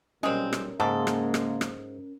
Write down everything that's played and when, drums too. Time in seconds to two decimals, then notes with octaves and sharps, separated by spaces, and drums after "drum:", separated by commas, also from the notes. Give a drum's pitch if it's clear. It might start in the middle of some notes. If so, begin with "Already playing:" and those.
0.23 B1 A#2 G3 G#3 C4 C#4 A#4 D#5
0.53 drum: rim click
0.80 G#2 C#3 G#3 A#3 A4
1.07 drum: rim click
1.34 drum: rim click
1.61 drum: rim click